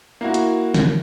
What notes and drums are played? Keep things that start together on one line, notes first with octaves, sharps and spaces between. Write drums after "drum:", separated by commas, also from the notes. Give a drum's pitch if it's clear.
A#3 E4 F#4
drum: hi-hat
drum: snare